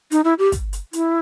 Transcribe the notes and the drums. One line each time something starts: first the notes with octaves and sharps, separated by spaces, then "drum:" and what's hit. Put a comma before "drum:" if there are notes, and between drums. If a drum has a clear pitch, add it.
D#4, drum: hi-hat
E4
G4
drum: kick, hi-hat
drum: hi-hat
E4, drum: hi-hat